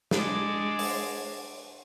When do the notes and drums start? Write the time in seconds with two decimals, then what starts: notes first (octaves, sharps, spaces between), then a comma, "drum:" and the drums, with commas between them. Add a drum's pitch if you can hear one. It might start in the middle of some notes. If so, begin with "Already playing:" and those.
0.11 G#3 D4, drum: snare
0.79 drum: open hi-hat